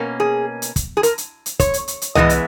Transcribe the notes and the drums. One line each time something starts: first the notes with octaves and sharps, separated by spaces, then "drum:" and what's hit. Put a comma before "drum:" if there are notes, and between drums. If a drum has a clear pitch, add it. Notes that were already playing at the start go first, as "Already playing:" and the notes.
Already playing: B2 A#3 C#4
G#4
drum: hi-hat
drum: kick, hi-hat
G#4
A#4, drum: hi-hat
drum: hi-hat
drum: hi-hat
C#5, drum: kick, hi-hat
drum: hi-hat
drum: hi-hat
drum: hi-hat
E2 C#3 E3 G#3 B3 D#5, drum: tom
drum: hi-hat